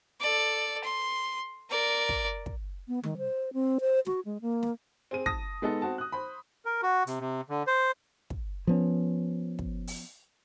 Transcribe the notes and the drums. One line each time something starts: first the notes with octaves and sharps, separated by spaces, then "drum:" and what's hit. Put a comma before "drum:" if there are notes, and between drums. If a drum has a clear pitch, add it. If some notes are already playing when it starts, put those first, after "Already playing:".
A4 D5
C6
A#4 D5
drum: kick
drum: kick
B3
D#3, drum: tom
C5
C4
C5
F#4, drum: snare
G#3
A#3
drum: snare
C4 G#4 D#7
A5 D#6 A#6, drum: kick
G#3 B3 D#4 A4
C4 F#4 A5
D#6 F#6
C5 B5
A#4
F#4
C3, drum: hi-hat
C3
D3
C5
drum: kick
F3 B3 C#4
drum: kick
drum: open hi-hat